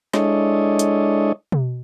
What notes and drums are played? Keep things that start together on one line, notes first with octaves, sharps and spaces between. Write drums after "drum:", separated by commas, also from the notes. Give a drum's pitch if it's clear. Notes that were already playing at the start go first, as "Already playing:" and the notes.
G#3 D4 E4 A4 C#5 D#5, drum: snare
drum: hi-hat
drum: tom B2